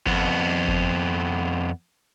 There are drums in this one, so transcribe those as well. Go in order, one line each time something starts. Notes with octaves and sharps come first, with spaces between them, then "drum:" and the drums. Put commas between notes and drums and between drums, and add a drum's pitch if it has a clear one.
F2 B3, drum: kick G1
drum: kick G1